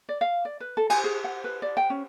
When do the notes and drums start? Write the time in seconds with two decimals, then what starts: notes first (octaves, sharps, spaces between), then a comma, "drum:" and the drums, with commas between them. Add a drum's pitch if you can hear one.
0.09 D5
0.21 F5
0.45 D5
0.60 B4
0.77 A4
0.90 G#5, drum: cymbal
1.04 G#4
1.24 F#5
1.44 B4
1.62 D5
1.77 G5
1.90 C#4